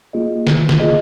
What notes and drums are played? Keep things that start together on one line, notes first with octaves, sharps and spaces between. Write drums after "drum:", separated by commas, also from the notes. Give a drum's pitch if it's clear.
A#3 F4 G#4 D#5
D#3, drum: snare
drum: snare
A#3 F4 G#4 D#5